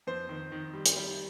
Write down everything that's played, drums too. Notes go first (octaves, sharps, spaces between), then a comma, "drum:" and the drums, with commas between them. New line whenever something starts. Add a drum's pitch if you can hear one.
F2 C5
D#3
D#3
G3
drum: hi-hat
G3